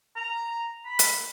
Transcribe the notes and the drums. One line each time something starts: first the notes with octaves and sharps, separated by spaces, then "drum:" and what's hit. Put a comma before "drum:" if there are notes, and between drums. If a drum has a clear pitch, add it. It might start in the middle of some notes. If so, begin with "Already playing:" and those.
A#5
B5
drum: hi-hat